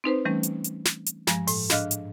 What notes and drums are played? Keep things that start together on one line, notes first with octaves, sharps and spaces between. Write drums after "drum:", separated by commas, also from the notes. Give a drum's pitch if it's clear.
C4 D#4 B4 C5
E3 G3 A3 C#4
drum: hi-hat
drum: hi-hat
drum: snare
drum: hi-hat
G2 F3 G#3, drum: snare
A2, drum: open hi-hat
G#2 D4 D#5 F5 F6 F#6, drum: snare
drum: hi-hat